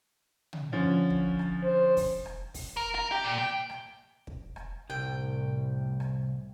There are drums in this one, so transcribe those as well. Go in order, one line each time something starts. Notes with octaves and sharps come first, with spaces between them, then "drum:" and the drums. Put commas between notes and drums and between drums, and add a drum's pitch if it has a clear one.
drum: tom
D3 F3 C#4
drum: tom
drum: rim click
C5
drum: kick, open hi-hat
drum: rim click
drum: kick, open hi-hat
A#4
A#4
G4
A#2
G5
drum: rim click
drum: kick
drum: rim click
C2 A2 G5
drum: rim click